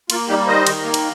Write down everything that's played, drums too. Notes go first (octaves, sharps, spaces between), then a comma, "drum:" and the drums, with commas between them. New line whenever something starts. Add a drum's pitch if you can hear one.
A#3 F4, drum: cymbal
G3 D#4 G4
D#3 C5 D#5
D#3, drum: cymbal
A#3
drum: cymbal